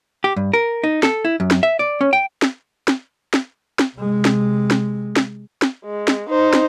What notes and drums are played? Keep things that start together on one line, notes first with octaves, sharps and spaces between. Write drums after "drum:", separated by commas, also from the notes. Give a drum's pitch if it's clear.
G4
G2
A#4
D#4
A4, drum: snare
E4
F#2
drum: snare
E5
D5
C#4
G5
drum: snare
drum: snare
drum: snare
drum: snare
C3 G#3
drum: snare
drum: snare
drum: snare
drum: snare
G#3
drum: snare
D#4 C5
drum: snare